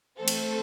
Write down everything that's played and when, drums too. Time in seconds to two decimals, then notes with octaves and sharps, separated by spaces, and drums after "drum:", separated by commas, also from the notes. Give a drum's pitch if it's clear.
0.18 E3 A3 C4 A4 C5
0.28 drum: cymbal